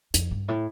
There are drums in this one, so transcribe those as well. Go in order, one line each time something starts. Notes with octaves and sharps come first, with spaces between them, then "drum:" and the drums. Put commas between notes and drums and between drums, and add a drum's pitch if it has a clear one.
F2, drum: hi-hat
G2
A2